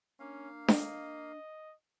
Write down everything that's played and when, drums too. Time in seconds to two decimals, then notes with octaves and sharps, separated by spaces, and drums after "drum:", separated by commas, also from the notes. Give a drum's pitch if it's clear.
0.20 A#3 C#4 D4 F5
0.68 D#5, drum: snare D4